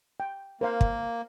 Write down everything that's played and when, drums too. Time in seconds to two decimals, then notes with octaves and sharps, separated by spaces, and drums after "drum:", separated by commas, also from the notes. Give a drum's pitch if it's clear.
0.20 G5
0.61 A#3 A#4 C5 F5
0.81 drum: kick